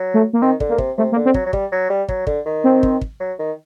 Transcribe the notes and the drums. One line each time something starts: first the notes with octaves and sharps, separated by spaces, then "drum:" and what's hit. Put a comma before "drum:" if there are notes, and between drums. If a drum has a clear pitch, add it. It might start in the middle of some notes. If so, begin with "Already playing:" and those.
Already playing: F#3
A3
A#3
D#3 C4
D3, drum: kick
A#3
C3, drum: kick
C3 A3
A#3
D3
C4
F#3, drum: kick
F#3
G3, drum: kick
F#3
G3
F#3, drum: kick
D3, drum: kick
D#3
C4
drum: kick
drum: kick
F#3
D#3